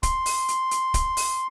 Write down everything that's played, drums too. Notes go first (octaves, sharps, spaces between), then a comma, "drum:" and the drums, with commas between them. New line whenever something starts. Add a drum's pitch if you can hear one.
C6, drum: kick, hi-hat
drum: open hi-hat
drum: hi-hat
drum: hi-hat
drum: kick, hi-hat
drum: open hi-hat